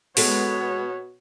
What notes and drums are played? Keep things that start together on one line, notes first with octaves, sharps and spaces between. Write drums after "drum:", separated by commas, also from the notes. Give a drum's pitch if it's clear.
B2 G#3 B3 A4 C#5 E5, drum: open hi-hat